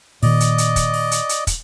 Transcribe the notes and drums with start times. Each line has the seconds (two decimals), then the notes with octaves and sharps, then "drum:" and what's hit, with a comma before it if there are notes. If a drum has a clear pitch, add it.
0.23 A#2 D#3 D5 D#5, drum: open hi-hat
0.40 drum: hi-hat
0.58 drum: hi-hat
0.76 drum: kick, hi-hat
0.94 drum: open hi-hat
1.11 drum: hi-hat
1.29 drum: hi-hat
1.47 drum: kick, hi-hat